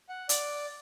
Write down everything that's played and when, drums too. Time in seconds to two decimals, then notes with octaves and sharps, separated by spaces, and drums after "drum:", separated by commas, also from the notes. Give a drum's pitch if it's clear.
0.09 F#5
0.29 D5, drum: hi-hat